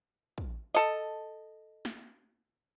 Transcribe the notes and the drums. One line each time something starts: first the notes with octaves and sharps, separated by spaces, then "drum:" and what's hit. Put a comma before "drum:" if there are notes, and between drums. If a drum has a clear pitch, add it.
drum: kick
A4 D#5
drum: snare